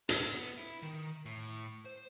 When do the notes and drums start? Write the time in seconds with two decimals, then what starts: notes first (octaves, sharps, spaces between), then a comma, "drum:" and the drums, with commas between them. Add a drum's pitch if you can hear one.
0.09 A5, drum: hi-hat
0.33 B3
0.58 E4
0.82 D#3
1.25 A2
1.85 C5